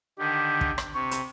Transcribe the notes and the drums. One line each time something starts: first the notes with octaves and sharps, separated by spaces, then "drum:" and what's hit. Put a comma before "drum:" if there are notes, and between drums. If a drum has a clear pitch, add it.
D3 D#3 G4
drum: kick
drum: rim click
C3 C#6
drum: hi-hat